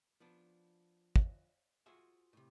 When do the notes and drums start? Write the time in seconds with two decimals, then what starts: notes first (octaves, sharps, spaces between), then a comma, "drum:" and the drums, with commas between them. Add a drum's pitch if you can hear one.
0.20 F3 B3 D4
1.16 drum: kick
1.86 F4 F#4 G#4 C5 E5
2.33 A2 C3